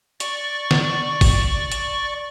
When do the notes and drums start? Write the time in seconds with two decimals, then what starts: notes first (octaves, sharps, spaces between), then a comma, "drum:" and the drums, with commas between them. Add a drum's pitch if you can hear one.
0.20 D5 C#6, drum: hi-hat
0.71 drum: snare
1.21 drum: kick, open hi-hat
1.72 drum: hi-hat